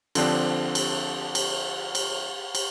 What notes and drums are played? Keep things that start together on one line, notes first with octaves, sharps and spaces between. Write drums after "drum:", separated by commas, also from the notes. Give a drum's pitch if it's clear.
D3 F3 C4 D4, drum: cymbal
drum: cymbal
drum: cymbal
drum: cymbal
drum: cymbal